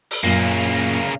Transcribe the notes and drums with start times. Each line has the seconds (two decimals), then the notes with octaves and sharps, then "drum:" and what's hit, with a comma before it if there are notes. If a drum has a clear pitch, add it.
0.11 drum: open hi-hat
0.24 F#2 A#2 C#3 A#3